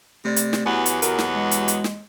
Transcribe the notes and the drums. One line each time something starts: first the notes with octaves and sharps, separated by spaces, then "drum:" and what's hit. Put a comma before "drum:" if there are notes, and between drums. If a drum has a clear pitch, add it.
C3 A3 D5 A6
drum: hi-hat
drum: snare
E2 E3 F#3 B3 G4 G#5
drum: hi-hat
B2 F#3 B3 A#4, drum: hi-hat
drum: snare
G#3
drum: hi-hat
drum: hi-hat
drum: snare